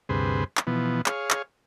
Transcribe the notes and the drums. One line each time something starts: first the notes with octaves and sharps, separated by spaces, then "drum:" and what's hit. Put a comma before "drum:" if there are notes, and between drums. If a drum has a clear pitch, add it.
D2 G2 C3 G#4 B4 C5
drum: clap
B2 E3 F3 B3
G#4 C#5 F5, drum: clap
drum: clap